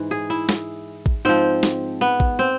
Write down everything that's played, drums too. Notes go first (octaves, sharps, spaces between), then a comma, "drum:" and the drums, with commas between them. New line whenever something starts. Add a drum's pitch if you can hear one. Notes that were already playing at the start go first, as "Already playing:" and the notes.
Already playing: G#2 E3
G#4
E4
drum: snare
drum: kick A1
G#2 F3 C4
drum: snare
B3
drum: kick A1
C4